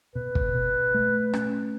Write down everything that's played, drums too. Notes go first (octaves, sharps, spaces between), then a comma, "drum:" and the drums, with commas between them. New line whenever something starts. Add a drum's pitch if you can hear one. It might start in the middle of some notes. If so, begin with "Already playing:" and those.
B2 B4
drum: kick
B2
A3
C#4, drum: rim click